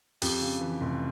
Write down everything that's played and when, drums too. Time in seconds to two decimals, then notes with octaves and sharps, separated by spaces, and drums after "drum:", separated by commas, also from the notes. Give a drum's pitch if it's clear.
0.22 F2 G4, drum: open hi-hat
0.41 C#3
0.61 E3
0.81 F1